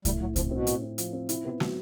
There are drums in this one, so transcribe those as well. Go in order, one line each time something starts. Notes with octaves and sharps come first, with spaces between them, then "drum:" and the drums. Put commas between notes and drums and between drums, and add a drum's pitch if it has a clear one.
A2 G3, drum: kick C2, hi-hat
A2 F#3
F3 C4, drum: kick C2, hi-hat
C3
B2 C4
A2, drum: hi-hat
C4
F3, drum: hi-hat
C4
C3 E4, drum: hi-hat
C3 B3
B2 F#3, drum: snare